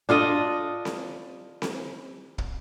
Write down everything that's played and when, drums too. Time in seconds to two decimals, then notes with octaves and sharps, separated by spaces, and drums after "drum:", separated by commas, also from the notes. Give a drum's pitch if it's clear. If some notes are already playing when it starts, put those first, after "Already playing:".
0.09 D4 F4 A4 D#5
0.85 drum: snare C4
1.62 drum: snare C4
2.38 drum: kick